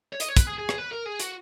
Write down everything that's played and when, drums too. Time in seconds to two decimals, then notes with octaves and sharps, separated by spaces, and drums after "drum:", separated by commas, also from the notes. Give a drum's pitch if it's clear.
0.13 C#5
0.20 D#5, drum: hi-hat
0.28 C#5
0.37 B4, drum: kick, hi-hat
0.47 G#4
0.58 G#4
0.69 drum: rim click
0.78 B4
0.92 A#4
1.06 G#4
1.20 F#4, drum: hi-hat